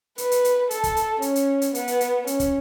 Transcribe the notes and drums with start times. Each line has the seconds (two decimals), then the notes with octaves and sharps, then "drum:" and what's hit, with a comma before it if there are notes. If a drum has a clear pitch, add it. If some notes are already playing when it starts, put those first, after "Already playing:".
0.18 B4, drum: hi-hat
0.31 drum: hi-hat
0.44 drum: hi-hat
0.71 A4, drum: hi-hat
0.83 drum: kick, hi-hat
0.96 drum: hi-hat
1.22 C#4, drum: hi-hat
1.35 drum: hi-hat
1.61 drum: hi-hat
1.75 B3, drum: hi-hat
1.88 drum: hi-hat
2.01 drum: hi-hat
2.27 C#4, drum: hi-hat
2.40 drum: kick, hi-hat